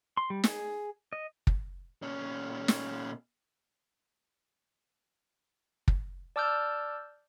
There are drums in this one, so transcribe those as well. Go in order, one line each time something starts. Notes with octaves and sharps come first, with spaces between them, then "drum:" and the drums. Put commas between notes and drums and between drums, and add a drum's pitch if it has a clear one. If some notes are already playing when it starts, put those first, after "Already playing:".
C6
G3
G#4, drum: snare
D#5
drum: kick
A#2 C#4
drum: snare
drum: kick
D5 A5 D6 E6 F6 G6